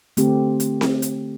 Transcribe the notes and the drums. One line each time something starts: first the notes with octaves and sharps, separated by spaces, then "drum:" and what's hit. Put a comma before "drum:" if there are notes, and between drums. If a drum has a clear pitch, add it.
D3 A3 C4 G4, drum: hi-hat
drum: hi-hat
drum: snare C4
drum: hi-hat